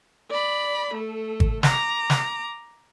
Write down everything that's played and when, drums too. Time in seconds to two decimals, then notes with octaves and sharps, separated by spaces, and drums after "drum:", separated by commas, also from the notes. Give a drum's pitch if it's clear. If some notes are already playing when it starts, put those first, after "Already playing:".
0.30 D5 B5
0.94 A3 A4
1.40 drum: kick G#1
1.63 A#5 D6, drum: snare
2.10 drum: snare